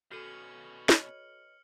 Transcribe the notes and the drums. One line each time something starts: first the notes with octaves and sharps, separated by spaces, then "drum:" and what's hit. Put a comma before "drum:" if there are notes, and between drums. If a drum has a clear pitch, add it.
B2 C#4 F#4 A4 F6 C#7 F#7
B4 C#5 D#5, drum: snare